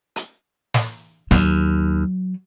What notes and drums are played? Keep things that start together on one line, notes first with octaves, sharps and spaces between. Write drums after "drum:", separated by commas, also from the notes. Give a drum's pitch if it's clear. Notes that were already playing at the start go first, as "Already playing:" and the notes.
drum: hi-hat
drum: snare
D#2 F#3, drum: snare